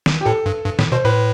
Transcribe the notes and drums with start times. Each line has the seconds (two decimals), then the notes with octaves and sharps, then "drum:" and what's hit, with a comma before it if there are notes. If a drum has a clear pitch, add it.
0.06 drum: snare
0.21 G4
0.25 A2 A4
0.46 G2
0.65 G2
0.79 A2, drum: snare
0.92 B2 C5
1.05 A2 B4